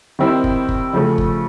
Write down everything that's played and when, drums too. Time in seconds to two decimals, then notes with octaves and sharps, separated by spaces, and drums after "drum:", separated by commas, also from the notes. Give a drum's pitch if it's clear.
0.19 D#3 G3 C4 E4
0.44 drum: kick
0.69 drum: kick
0.93 C#3 F3 A3
1.18 drum: kick